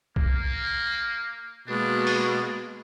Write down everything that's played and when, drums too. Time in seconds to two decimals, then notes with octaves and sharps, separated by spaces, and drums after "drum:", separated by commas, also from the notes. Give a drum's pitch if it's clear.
0.16 A#3, drum: kick
1.68 B2 G#3 A#3 D4
2.07 drum: open hi-hat